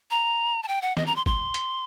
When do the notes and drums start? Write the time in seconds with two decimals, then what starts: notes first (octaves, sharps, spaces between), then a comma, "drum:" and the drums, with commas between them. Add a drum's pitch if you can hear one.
0.11 A#5
0.63 A5
0.68 G5
0.82 F#5
0.97 D#5, drum: snare
1.06 A#5
1.16 C6
1.26 C6, drum: kick G1
1.54 drum: hi-hat